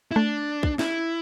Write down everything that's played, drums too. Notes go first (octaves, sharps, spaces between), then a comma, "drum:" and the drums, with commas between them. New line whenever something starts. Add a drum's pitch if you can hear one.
E4
A3 D4
drum: kick
E4, drum: snare